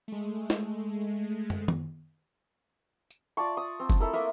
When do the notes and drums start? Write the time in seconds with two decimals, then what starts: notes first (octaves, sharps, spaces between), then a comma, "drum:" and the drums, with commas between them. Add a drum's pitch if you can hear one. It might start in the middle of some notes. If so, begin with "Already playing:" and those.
0.08 G#3 A3
0.50 drum: snare
1.50 drum: tom
1.68 drum: tom D#3
3.11 drum: tambourine
3.37 F4 D5 A5 C#6
3.57 D#6
3.80 C4
3.90 drum: kick F#1
4.00 A3 E4 A4 A#4
4.13 A#3 E5 D#6